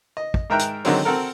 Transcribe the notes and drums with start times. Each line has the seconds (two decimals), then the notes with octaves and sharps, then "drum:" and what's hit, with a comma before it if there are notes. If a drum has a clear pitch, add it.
0.17 D#5
0.34 drum: kick
0.50 G#2 A#4 E5 G5 A#5 F#6
0.59 drum: hi-hat
0.84 D3 D#3 F#3 G#3 C4 C#4, drum: open hi-hat
1.05 C4 F#4 A4 A#4